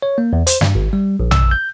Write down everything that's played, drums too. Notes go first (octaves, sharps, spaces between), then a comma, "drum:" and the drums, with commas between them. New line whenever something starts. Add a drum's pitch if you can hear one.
C#5
A#3
E2
C5, drum: hi-hat
G2, drum: snare
G#1
G3
A#1
E6, drum: tom A#1
G6